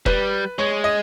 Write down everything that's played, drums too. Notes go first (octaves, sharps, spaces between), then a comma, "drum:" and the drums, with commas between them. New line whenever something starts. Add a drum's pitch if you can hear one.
G3 B4, drum: kick
G#3 C#5
D#5